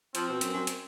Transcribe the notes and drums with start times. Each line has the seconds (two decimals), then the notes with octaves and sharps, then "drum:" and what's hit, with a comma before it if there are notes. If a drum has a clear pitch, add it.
0.15 F3 C4, drum: hi-hat
0.29 B2
0.41 F#2, drum: hi-hat
0.54 F#2
0.67 drum: hi-hat